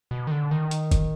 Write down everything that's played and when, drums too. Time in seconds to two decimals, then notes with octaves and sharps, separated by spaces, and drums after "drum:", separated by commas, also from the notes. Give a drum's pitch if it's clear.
0.11 B2
0.27 D#3
0.31 D3
0.51 D#3
0.71 drum: hi-hat
0.91 drum: kick F#1, hi-hat